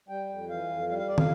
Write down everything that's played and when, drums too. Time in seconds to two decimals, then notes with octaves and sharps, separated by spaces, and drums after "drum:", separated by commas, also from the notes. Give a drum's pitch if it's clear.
0.08 G3 G5
0.29 F2
0.49 E3 F5
0.69 F2
0.88 G3 F5
0.98 F5
1.08 F2 D5
1.18 F5, drum: tom